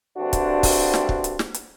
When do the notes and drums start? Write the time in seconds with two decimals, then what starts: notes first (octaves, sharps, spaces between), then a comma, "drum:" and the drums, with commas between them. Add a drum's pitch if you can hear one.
0.17 D2 G2 C4 D4 F#4
0.33 drum: kick, hi-hat
0.63 drum: kick, open hi-hat
0.94 drum: snare
1.09 drum: kick
1.24 drum: hi-hat
1.39 drum: snare
1.54 drum: hi-hat